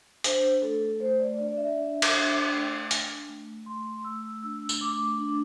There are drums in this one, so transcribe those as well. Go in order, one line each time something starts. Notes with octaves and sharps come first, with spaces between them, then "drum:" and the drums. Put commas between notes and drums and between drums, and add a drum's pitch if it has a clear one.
D4 C5, drum: hi-hat
A3 A4
A3 C5
D5
D4 D5
D5
E5
D4
drum: cymbal
D4
A3 G5
D4, drum: hi-hat
A3
A3 C6
A3 E6
D4 E6
drum: tambourine
A3 D6
D4